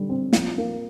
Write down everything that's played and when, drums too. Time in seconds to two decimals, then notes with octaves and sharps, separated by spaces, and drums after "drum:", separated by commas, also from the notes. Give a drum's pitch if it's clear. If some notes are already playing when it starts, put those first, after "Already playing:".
Already playing: D3 G3
0.09 C4
0.33 F3, drum: snare
0.58 A#3